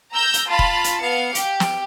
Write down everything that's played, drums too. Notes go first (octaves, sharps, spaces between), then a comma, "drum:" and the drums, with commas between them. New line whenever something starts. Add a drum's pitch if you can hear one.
A#5 E6 G6
drum: hi-hat
F4 F5 A5 B5
drum: kick E1
drum: hi-hat
B3 F5 C#7
G4, drum: hi-hat
drum: snare